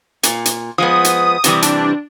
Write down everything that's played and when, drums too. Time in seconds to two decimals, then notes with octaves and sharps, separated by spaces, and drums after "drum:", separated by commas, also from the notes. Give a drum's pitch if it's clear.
0.23 A#2, drum: hi-hat
0.45 drum: hi-hat
0.78 F3 G#3 B3 D#6
1.04 drum: hi-hat
1.44 C3 E3 G3, drum: hi-hat
1.62 D4, drum: hi-hat